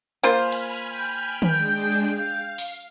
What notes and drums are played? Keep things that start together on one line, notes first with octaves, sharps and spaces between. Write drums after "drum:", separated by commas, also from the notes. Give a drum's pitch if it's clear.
A#3 F4 C5 G#5 B5 F6
drum: cymbal
G5
drum: tom D#3
G#3 D4 G#4
F5
drum: open hi-hat